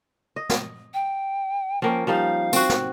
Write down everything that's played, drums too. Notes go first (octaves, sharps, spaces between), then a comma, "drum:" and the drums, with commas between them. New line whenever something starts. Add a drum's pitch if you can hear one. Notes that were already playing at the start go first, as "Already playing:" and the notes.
D#5
drum: snare
G5
F3 A#3 C#4 G5
F3 G3 D#4 F5
C4 F#4, drum: tambourine
drum: snare